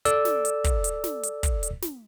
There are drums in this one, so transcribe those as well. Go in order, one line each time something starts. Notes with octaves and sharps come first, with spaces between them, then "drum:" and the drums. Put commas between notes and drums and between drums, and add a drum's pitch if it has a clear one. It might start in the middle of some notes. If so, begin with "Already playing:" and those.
A4 D5 E6, drum: hi-hat
drum: snare
drum: hi-hat
drum: kick, hi-hat
drum: hi-hat
drum: snare
drum: hi-hat
drum: kick, hi-hat
drum: hi-hat
drum: snare